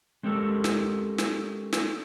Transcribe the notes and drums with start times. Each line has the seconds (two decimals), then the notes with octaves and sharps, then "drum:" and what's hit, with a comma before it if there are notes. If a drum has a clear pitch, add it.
0.23 G#3 C4 C#4 G4 A4 A#4
0.64 drum: snare
1.18 drum: snare
1.73 drum: snare